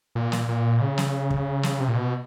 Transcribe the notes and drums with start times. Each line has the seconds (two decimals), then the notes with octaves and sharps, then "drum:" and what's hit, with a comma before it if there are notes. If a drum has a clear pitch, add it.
0.15 A#2
0.32 drum: snare
0.48 A#2
0.81 C#3
0.98 drum: snare
1.30 drum: kick
1.63 drum: snare
1.80 C3
1.88 A#2
1.96 B2